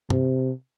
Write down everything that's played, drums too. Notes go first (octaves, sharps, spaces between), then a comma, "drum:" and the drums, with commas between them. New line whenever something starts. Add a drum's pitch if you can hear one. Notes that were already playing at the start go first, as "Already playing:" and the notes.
C3, drum: tom